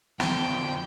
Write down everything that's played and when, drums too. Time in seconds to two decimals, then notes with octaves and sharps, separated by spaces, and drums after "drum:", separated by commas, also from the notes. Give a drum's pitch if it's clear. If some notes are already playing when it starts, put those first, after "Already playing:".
0.20 F2 D3 G5, drum: snare